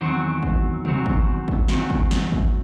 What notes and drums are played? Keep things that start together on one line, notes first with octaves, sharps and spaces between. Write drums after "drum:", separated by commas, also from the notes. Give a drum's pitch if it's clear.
E2 D#3 F#3 C4 F#4
drum: kick G#1
E2 D#3 F#3 C4 F#4, drum: tom B2
drum: kick G#1
drum: kick G#1
E2 D#3 F#3 C4 F#4, drum: snare
drum: kick G#1
drum: snare
drum: kick G#1